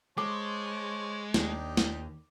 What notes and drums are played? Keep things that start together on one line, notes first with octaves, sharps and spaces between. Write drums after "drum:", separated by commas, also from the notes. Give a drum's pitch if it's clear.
G#3 C5 C#5 A5 D6
D#2 D4 D#4 G4, drum: snare
drum: snare